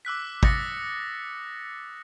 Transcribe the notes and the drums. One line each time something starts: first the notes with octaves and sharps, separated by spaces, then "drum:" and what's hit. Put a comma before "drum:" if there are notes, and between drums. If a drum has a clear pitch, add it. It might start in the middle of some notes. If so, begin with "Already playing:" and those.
D6 E6 F#6 B6
D#6 F#6 A6 A#6 C#7, drum: kick